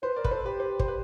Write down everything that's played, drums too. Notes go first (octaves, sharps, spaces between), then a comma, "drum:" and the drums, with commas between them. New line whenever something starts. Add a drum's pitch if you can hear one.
B4 C5
A#4 D5
B4, drum: kick
A4 C5
G4 B4
C5
C5, drum: kick
B4